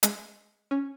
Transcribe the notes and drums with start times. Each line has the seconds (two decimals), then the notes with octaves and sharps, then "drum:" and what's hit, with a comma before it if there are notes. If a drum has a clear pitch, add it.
0.03 G#3, drum: hi-hat
0.71 C#4